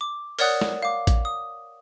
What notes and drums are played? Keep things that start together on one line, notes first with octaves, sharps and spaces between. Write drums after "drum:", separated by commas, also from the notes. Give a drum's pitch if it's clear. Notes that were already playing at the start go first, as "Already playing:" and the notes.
D6
A#4 C#5 D5 F#5 D#6 F#6, drum: open hi-hat
drum: snare
F5 D6
drum: kick A1, hi-hat
D#6